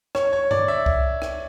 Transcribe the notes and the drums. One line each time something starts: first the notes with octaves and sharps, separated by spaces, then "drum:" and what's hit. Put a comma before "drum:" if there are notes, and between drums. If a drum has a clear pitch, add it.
C#5, drum: rim click
C#5
D5, drum: tom G2
E5
drum: kick C2
drum: rim click